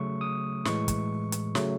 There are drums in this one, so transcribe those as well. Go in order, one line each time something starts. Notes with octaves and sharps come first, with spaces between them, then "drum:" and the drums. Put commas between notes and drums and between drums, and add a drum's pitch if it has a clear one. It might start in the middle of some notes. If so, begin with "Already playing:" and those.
Already playing: C#3 F#3 A3 C#6
D#6
A2 E3 G#3 C#6, drum: snare
drum: kick, hi-hat
drum: hi-hat
C#3 F#3 A3, drum: snare